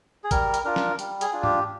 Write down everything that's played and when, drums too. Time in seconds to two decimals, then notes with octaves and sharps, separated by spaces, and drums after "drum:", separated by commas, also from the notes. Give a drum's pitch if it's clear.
0.24 G#4
0.31 G3 A#4, drum: kick, hi-hat
0.54 drum: hi-hat
0.65 D4 F4 A#4
0.76 drum: snare
0.99 G3, drum: hi-hat
1.21 G#4, drum: hi-hat
1.33 D4 F4
1.43 G4, drum: tom G#2